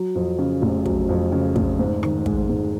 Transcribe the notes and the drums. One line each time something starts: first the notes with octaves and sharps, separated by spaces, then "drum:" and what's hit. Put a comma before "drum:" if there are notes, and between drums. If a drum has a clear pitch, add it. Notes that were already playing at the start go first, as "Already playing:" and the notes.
Already playing: F#3
F2
C#3
F1
F#3, drum: kick
F2
C#3
F1, drum: kick
G#2
D#3, drum: rim click
G#3, drum: kick
G#2